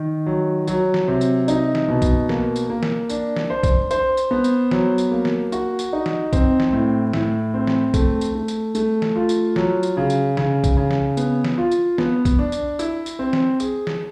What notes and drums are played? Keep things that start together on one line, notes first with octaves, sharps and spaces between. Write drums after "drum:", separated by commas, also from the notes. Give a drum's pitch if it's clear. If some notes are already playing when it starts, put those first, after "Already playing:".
Already playing: D#3
F#3
F#3, drum: tambourine
drum: snare
C3
drum: tambourine
D#4, drum: tambourine
drum: snare
B2
drum: kick B1, tambourine
A#3, drum: snare
drum: tambourine
A#3
drum: snare
D4, drum: tambourine
drum: snare
C5
drum: kick B1, tambourine
C5, drum: tambourine
drum: tambourine
B3
drum: tambourine
F#3, drum: snare
drum: tambourine
A#3
drum: snare
F#4, drum: tambourine
drum: tambourine
D#4
drum: snare
C4, drum: kick B1, tambourine
drum: snare
A2
A2, drum: snare
C4
drum: snare
A3, drum: kick B1, tambourine
drum: tambourine
A3
drum: tambourine
A3, drum: tambourine
drum: snare
F4
drum: tambourine
F#3, drum: snare
drum: tambourine
C#3
drum: tambourine
C#3, drum: snare
drum: kick B1, tambourine
C#3
drum: snare
B3, drum: tambourine
drum: snare
F4
drum: tambourine
B3, drum: snare
drum: kick B1, tambourine
D4
drum: tambourine
E4, drum: tambourine
drum: tambourine
C4
drum: snare
G#4, drum: tambourine
drum: snare